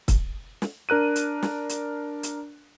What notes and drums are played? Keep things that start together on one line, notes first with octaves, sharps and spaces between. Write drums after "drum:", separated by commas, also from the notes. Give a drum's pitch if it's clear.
drum: kick, hi-hat
drum: snare
D4 A#4 F#6 D#7
drum: hi-hat
drum: snare
drum: hi-hat
drum: hi-hat